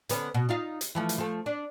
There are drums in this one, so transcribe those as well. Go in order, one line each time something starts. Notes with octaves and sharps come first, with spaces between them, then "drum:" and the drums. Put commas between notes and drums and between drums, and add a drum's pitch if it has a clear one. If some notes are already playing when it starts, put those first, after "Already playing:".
D3 B3 C#4, drum: hi-hat
B2
D#4 F4 F5
drum: hi-hat
E3 F3 A3
drum: hi-hat
F3 A3
D4